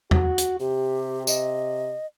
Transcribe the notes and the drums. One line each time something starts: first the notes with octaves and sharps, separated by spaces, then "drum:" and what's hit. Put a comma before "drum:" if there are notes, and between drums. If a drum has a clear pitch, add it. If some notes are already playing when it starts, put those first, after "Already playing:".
F#4, drum: tom E2
drum: hi-hat
C3 G4
D#5, drum: tambourine